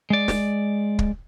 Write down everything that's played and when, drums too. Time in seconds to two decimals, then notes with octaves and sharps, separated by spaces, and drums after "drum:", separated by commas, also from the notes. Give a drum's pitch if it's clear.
0.10 G#3 D5
0.28 drum: snare
0.99 drum: kick